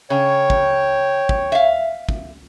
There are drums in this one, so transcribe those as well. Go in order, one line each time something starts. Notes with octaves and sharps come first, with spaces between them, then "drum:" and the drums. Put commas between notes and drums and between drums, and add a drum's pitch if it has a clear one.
C#3 C#5 G5
drum: kick
drum: kick
E5 F5
drum: kick